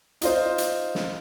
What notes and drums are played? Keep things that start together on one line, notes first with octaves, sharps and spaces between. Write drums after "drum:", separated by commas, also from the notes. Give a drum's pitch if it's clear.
D#4 F4 C5, drum: hi-hat
drum: hi-hat
drum: snare